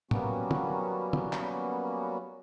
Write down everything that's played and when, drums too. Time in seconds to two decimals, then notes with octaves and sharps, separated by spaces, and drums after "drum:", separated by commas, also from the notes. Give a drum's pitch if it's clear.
0.11 F#3 G3 A#3 B3 C#4 F#4, drum: tom
0.51 drum: tom
1.13 drum: tom
1.33 drum: clap